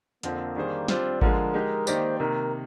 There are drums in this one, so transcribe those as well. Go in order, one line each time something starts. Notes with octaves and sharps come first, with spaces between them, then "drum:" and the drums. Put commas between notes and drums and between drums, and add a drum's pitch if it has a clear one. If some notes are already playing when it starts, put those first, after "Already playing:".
F2 D3 F3 A#3 C4, drum: hi-hat
D#3 G3 D4 G#4 C5
G3 C4 D4 F4 C5, drum: snare
D3 F3 G#3 A#4, drum: kick G#1
G#3 D#4 G4
D#3 A#3 D#4 G4 C5 D5, drum: tambourine
C3 D#3 A#3 A#4